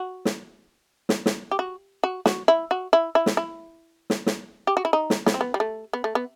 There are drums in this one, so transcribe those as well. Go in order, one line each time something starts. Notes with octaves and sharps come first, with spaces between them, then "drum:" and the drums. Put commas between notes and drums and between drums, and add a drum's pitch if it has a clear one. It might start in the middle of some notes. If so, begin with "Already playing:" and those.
Already playing: F#4
drum: snare
drum: snare
drum: snare
G4
F#4
F#4
F#4, drum: snare
E4
F#4
E4
E4
drum: snare
E4
drum: snare
drum: snare
G4
F#4
E4
D#4
drum: snare
B3, drum: snare
C4
B3
G3
A3
B3
A3
B3